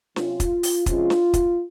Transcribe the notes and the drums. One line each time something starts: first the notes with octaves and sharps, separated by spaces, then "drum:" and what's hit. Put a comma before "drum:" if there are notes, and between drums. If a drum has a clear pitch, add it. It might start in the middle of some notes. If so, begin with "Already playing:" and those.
C3 F#3 C#4 F4, drum: snare
drum: kick, hi-hat
drum: open hi-hat
C3 F3 G#3 C#4 F4, drum: kick, hi-hat
drum: snare
drum: kick, hi-hat